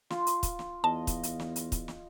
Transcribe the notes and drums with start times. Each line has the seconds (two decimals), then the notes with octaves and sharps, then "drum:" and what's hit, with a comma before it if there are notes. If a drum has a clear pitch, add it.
0.10 F4, drum: snare
0.27 drum: hi-hat
0.43 drum: kick, hi-hat
0.59 drum: snare
0.84 E2 D#5 A5
1.07 drum: kick, hi-hat
1.23 drum: hi-hat
1.40 drum: snare
1.56 drum: hi-hat
1.72 drum: kick, hi-hat
1.88 drum: snare